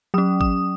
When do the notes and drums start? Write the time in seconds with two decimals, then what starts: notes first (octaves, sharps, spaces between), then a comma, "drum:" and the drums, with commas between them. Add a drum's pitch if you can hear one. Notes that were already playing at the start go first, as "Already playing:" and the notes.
0.14 F#3 C#4 D#6
0.41 D#6, drum: kick G#1